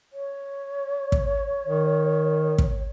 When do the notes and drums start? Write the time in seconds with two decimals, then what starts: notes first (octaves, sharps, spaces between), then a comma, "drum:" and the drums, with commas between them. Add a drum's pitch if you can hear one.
0.13 C#5
1.12 drum: kick
1.67 D#3
2.58 drum: kick